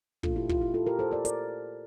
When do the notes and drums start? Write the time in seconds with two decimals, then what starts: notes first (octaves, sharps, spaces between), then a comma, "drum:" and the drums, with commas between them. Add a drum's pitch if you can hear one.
0.23 A#2 A3 D4 F4 A4, drum: kick
0.36 E4 G4
0.49 F4, drum: kick
0.61 E4 G4
0.74 F4 A4
0.87 G4 A#4
0.99 A4 C5
1.11 A#4 D5
1.25 A#4 D5, drum: hi-hat